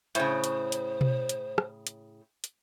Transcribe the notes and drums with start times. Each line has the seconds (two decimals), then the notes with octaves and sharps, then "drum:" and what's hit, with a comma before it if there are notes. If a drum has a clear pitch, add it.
0.15 A2 C#3 C5, drum: hi-hat
0.44 drum: hi-hat
0.72 drum: hi-hat
1.01 drum: tom B2
1.29 drum: hi-hat
1.58 drum: rim click
1.87 drum: hi-hat
2.44 drum: hi-hat